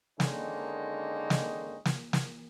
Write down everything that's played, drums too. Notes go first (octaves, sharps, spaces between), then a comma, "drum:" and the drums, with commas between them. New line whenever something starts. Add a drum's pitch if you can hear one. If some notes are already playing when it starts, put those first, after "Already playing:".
D3 D#3 G#3 A#3 C#4 D#4, drum: snare
drum: snare
drum: snare
drum: snare